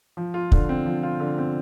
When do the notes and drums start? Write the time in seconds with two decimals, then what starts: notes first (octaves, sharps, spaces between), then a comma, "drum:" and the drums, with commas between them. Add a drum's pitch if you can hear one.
0.17 F3
0.34 F4
0.52 D3, drum: kick
0.69 C4
0.86 F3
1.03 F4
1.20 D3
1.38 C4